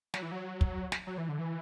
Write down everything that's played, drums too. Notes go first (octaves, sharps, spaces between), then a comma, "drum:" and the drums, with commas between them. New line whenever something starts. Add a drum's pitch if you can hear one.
F#3, drum: snare
E3
F#3
drum: kick
drum: snare
F#3
E3
D3
E3